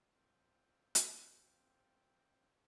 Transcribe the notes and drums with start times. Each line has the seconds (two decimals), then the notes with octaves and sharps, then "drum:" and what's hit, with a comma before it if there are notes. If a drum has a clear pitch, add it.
0.15 C4 F4 G5
0.95 drum: hi-hat